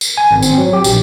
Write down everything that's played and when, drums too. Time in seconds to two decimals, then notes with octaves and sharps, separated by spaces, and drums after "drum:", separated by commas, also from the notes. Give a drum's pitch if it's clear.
0.01 drum: tambourine
0.17 G#5
0.31 G#1
0.42 C4, drum: tambourine
0.58 F#3
0.73 G4
0.84 A#1, drum: tambourine